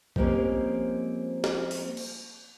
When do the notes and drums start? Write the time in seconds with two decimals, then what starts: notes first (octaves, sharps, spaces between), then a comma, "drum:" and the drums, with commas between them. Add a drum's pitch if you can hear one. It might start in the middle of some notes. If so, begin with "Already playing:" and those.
0.16 F3 G3 G#3 A#3 C4 C#4, drum: kick A#1
1.44 drum: snare
1.71 drum: open hi-hat
1.97 drum: cymbal